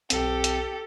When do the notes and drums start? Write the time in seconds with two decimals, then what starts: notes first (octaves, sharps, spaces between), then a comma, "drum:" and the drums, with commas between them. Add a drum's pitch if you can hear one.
0.10 B1 C4 G4 A4, drum: hi-hat
0.44 drum: hi-hat